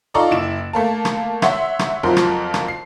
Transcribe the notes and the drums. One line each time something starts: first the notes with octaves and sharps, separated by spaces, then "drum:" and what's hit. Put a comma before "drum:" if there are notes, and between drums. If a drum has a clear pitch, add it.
D#4 F4 A4 D5 A#5 C#6
F#1 E4 D7 E7
A3 A#3 A5
drum: rim click
C#5 E5 F#5 C6, drum: rim click
drum: rim click
F2 F3 F#3 A#4 C6
drum: rim click
drum: rim click
C7